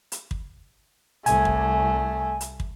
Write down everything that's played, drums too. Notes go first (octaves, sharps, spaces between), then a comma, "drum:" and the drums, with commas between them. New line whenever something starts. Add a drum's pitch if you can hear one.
drum: hi-hat
drum: kick
C2 A3 G#5, drum: hi-hat
drum: kick
drum: hi-hat
drum: kick